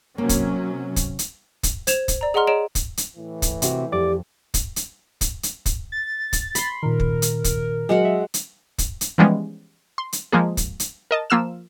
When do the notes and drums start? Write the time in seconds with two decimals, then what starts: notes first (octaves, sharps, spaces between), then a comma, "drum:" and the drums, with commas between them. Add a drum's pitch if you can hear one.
0.18 C3 F#3 A#3 C#4
0.29 drum: kick, hi-hat
0.96 drum: kick, hi-hat
1.19 drum: hi-hat
1.63 drum: kick, hi-hat
1.87 C5 G#6 E7 F7, drum: hi-hat
2.08 drum: kick, hi-hat
2.21 D5 A#5
2.34 G#4 D#5 F#5 A#5 C6 F6
2.47 G#4 C#5 D#5 A#5 D7 E7
2.75 drum: kick, hi-hat
2.97 drum: hi-hat
3.16 A2 E3
3.42 drum: kick, hi-hat
3.62 C3 F#4, drum: hi-hat
3.92 F2 G4 D5 D6
4.54 drum: kick, hi-hat
4.76 drum: hi-hat
5.21 drum: kick, hi-hat
5.43 drum: hi-hat
5.66 drum: kick, hi-hat
5.92 A6
6.33 drum: kick, hi-hat
6.55 B5 C6, drum: hi-hat
6.83 A#2 D#3 A#4
7.00 drum: kick
7.22 drum: hi-hat
7.44 drum: kick, hi-hat
7.89 F#3 G#3 F#4 F#5
8.05 E5
8.34 drum: hi-hat
8.78 drum: kick, hi-hat
9.01 drum: hi-hat
9.18 E3 F3 G3 G#3 B3 C#4
9.98 C6
10.13 drum: hi-hat
10.32 F3 G#3 A#3 G#4
10.57 drum: kick, hi-hat
10.80 drum: hi-hat
11.11 A#4 D#5 A5
11.30 F3 A#3 F4 E6 F6 E7